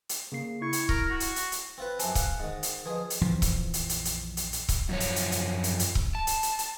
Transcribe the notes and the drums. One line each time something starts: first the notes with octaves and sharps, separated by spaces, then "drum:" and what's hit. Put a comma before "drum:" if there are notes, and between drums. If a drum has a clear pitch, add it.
drum: hi-hat
C#3 A#3 C7
E4 C#6 G#6
drum: hi-hat
A#4, drum: kick C#1
F#4
drum: hi-hat
drum: hi-hat
drum: hi-hat
C4 F4 B4
F#2 C4 G#5 A5, drum: hi-hat
F5 F#5, drum: kick C#1, hi-hat
G#2 D#3
drum: hi-hat
F3 G#4 B4 D#5
drum: hi-hat
A#1 F2 E3 F3
drum: kick C#1, hi-hat
drum: hi-hat
drum: hi-hat
drum: hi-hat
drum: hi-hat
drum: hi-hat
drum: kick C#1, hi-hat
F#2 F3 C#5
drum: hi-hat
drum: hi-hat
drum: hi-hat
drum: hi-hat
drum: hi-hat
drum: kick C#1
A5
drum: hi-hat
drum: hi-hat
drum: hi-hat